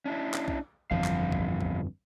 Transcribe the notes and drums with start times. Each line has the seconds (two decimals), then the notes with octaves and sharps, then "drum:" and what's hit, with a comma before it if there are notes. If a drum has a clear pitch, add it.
0.05 C#4 D4 E4
0.34 drum: clap
0.48 drum: kick B1
0.91 G1 F2 B2 E3 F3 F5
1.04 drum: clap
1.32 drum: kick B1
1.61 drum: kick B1